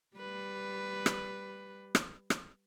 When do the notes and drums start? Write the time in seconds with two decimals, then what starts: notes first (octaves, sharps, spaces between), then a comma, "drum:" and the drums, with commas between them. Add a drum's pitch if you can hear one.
0.17 G3 B4
1.06 drum: rim click
1.95 drum: rim click
2.30 drum: rim click